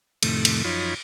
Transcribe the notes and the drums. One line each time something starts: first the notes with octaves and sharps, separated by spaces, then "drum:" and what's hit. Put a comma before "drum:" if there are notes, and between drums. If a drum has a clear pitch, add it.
F2 A2 C3 D#3 A3, drum: cymbal
drum: cymbal
F#2 F3 D#4 F4 C#5 B5